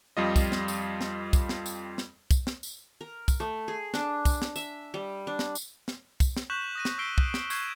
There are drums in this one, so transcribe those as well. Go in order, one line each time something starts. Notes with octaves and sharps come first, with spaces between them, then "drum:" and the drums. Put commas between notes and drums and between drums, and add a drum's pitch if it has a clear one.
F2 G3 F4 D#5
drum: kick, tambourine
drum: snare
drum: tambourine
drum: snare
drum: kick, tambourine
drum: snare
drum: tambourine
drum: snare
drum: kick, tambourine
drum: snare
drum: tambourine
A#4
drum: kick, tambourine
A3
G#4
D4, drum: snare
drum: kick, tambourine
drum: snare
E5, drum: tambourine
G3
D4
drum: snare
drum: tambourine
drum: snare
drum: kick, tambourine
drum: snare
C#6 F#6 G6 B6 E7 F#7
D#6 A#6 D#7
drum: snare
E6 G6 B6 C7 D7 G7
drum: kick
drum: snare
C#6 G6 G#6 C7 E7, drum: tambourine